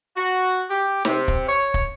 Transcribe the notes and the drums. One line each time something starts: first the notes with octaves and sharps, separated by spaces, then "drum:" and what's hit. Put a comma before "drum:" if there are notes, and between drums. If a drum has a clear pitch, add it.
F#4
G4
C3, drum: snare
drum: kick
C#5
drum: kick